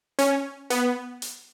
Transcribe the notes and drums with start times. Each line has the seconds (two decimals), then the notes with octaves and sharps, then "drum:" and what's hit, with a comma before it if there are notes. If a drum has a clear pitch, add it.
0.19 C#4, drum: hi-hat
0.70 B3, drum: hi-hat
1.22 drum: hi-hat